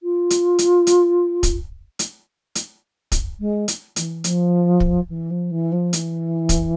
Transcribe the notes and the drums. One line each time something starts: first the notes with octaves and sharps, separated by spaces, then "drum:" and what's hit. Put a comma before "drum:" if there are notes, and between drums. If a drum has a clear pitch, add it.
F4
drum: hi-hat
drum: hi-hat
drum: hi-hat
drum: kick, hi-hat
drum: hi-hat
drum: hi-hat
drum: kick, hi-hat
G#3
drum: hi-hat
E3, drum: hi-hat
F3, drum: hi-hat
drum: kick
E3
F3
E3
F3
E3, drum: hi-hat
drum: kick, hi-hat